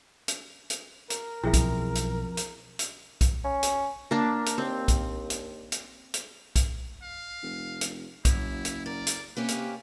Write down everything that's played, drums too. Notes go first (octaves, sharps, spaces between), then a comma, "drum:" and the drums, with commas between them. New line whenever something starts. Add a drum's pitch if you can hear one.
drum: hi-hat
drum: hi-hat
A#4, drum: hi-hat
B1 F2 E4 G#4 E5
drum: kick B1, hi-hat
drum: hi-hat
drum: hi-hat
drum: hi-hat
drum: kick B1, hi-hat
C#4
drum: hi-hat
A#3 D4 A#4
drum: hi-hat
D#2 C4
drum: kick B1, hi-hat
drum: hi-hat
drum: hi-hat
drum: hi-hat
drum: kick B1, hi-hat
F5
F1
drum: hi-hat
F#1 F#2 E4, drum: kick B1, hi-hat
drum: hi-hat
A#4 D5
drum: hi-hat
C3 A#3 C#4 G4 B4
drum: hi-hat